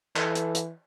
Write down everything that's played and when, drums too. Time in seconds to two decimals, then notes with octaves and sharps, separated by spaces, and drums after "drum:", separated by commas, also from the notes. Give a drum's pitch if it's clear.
0.16 E3 A4, drum: clap
0.35 drum: hi-hat
0.55 drum: hi-hat